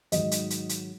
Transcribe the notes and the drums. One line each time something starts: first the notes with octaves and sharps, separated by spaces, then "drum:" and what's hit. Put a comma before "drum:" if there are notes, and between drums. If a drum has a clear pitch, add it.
G#2 D#3 F#3 D#5, drum: hi-hat
drum: hi-hat
drum: hi-hat
drum: hi-hat